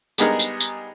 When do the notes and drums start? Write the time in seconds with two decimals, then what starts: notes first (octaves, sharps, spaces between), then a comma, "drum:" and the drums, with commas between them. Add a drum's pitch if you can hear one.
0.18 G3 G#3 B3 D#4 G#4 A#4, drum: tambourine
0.39 drum: tambourine
0.60 drum: tambourine